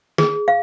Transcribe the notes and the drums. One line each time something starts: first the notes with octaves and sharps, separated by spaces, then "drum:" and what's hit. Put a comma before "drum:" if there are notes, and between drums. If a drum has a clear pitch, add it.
G#4, drum: snare
F5